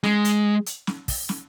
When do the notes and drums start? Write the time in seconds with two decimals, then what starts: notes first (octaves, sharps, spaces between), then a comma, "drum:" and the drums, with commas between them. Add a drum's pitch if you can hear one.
0.03 G#3, drum: snare
0.25 drum: hi-hat
0.66 drum: hi-hat
0.87 drum: snare
1.08 drum: kick, open hi-hat
1.29 drum: snare